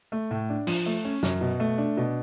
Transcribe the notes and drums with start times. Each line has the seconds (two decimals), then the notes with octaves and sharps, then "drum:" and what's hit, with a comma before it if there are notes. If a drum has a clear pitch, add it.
0.12 A3
0.31 A2
0.49 D4
0.67 F3, drum: cymbal
0.86 A3
1.05 C#4
1.23 F#2, drum: snare
1.41 B2
1.60 A3
1.78 D4
1.97 B2